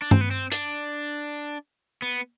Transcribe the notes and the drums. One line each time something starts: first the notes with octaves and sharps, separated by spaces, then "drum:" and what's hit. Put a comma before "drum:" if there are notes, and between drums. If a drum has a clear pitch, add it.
D4
C4, drum: tom G2
B3
C4
D4, drum: hi-hat
B3